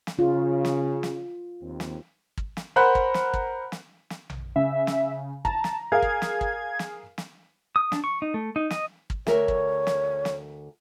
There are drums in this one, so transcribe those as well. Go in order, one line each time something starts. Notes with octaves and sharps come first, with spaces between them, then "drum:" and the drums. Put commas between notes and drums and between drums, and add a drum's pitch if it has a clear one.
drum: snare
C#3 F4
drum: snare
drum: snare
D#2 C4
drum: snare
drum: kick
drum: snare
A#4 C5 F#5 B5 F#6
drum: kick
drum: snare
drum: kick
drum: snare
drum: snare
drum: tom A#1
C#3 E5
drum: snare
A5 A#5, drum: kick
drum: snare
G#4 A#4 F5 G#6
drum: kick
drum: snare
drum: kick
drum: snare
drum: snare
D#6
D4, drum: snare
C#6
D#4
A3
D#4
D#5, drum: snare
drum: kick
D2 A#4 C#5 E5, drum: snare
drum: kick
drum: snare
drum: snare